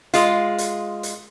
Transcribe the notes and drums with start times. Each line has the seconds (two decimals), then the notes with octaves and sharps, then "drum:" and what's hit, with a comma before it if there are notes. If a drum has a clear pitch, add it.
0.14 G#3 F4, drum: hi-hat
0.58 drum: hi-hat
1.03 drum: hi-hat